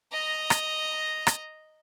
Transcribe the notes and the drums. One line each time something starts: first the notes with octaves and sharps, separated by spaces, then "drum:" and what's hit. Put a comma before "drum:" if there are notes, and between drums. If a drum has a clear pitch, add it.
D#5 A#5
drum: rim click
drum: rim click